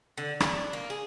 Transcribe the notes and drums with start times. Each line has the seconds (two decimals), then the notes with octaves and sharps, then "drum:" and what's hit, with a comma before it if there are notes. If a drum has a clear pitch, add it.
0.18 D3
0.40 D4, drum: rim click
0.73 A#3
0.90 G#4